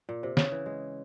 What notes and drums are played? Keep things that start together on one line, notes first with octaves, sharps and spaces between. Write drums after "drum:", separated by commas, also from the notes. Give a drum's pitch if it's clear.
A#2
C3
C#3, drum: snare
E3
G#3